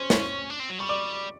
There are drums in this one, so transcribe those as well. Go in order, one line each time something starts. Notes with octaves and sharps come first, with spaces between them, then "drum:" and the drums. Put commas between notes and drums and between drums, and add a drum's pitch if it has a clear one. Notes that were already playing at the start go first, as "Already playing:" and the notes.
Already playing: C#4 C5 C6
C#5 C#6, drum: snare
D4
C4
F#3
G3 C#6
D5 D6